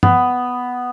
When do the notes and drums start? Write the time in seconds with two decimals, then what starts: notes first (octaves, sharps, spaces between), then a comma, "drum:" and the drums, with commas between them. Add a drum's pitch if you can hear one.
0.03 B3, drum: tom